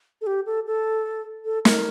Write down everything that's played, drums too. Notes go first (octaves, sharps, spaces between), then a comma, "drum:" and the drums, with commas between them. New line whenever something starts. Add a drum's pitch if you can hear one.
A4
G4
A4
A4
A4
A#4, drum: snare